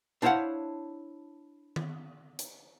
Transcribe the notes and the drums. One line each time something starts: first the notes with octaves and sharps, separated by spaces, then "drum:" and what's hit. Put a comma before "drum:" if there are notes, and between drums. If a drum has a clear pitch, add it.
D4 E4 C5 C#5 F5 F#5
drum: tom D#3
drum: hi-hat